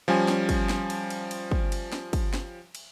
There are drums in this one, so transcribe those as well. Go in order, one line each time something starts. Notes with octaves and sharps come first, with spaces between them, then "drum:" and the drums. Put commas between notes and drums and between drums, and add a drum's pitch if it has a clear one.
F3 G3 C#4 G#5
drum: snare
drum: kick, cymbal
drum: snare
drum: cymbal
drum: cymbal
drum: cymbal
drum: kick
drum: cymbal
drum: snare
drum: kick, cymbal
drum: snare
drum: cymbal